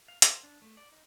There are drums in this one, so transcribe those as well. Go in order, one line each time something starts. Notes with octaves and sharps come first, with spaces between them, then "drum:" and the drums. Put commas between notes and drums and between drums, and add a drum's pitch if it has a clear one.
F5
C5, drum: hi-hat
D4
A3
D5
D#4